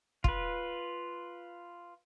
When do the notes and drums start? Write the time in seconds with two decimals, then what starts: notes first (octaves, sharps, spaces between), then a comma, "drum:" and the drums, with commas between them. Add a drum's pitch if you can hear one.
0.24 F4 B4, drum: kick